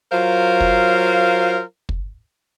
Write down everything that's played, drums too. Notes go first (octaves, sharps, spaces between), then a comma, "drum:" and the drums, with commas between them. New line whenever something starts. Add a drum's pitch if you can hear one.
F#3 F4 A#4 C5 F5
drum: kick
drum: kick